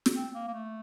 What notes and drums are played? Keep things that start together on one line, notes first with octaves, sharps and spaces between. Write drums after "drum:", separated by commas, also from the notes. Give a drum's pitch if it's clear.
drum: snare
C4
A#3
A#3
A3